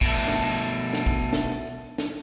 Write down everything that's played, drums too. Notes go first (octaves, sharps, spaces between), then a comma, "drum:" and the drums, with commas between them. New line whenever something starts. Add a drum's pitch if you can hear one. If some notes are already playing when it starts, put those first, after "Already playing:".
B2 A3, drum: kick
drum: snare
drum: snare
drum: kick
drum: snare
drum: snare